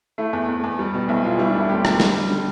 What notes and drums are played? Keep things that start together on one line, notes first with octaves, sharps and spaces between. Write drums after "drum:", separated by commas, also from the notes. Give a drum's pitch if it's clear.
A3 E4
E2
E2
E2
G3
B2
B1 E4
B2 F4
G3 E4
D4
E1 E4
D2 G4
D2, drum: rim click
D3, drum: snare
G3
D3